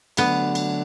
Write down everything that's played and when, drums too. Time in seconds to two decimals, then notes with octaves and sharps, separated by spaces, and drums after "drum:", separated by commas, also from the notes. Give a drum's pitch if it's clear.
0.17 D3 F#3 A3 B3 D4, drum: cymbal
0.55 drum: cymbal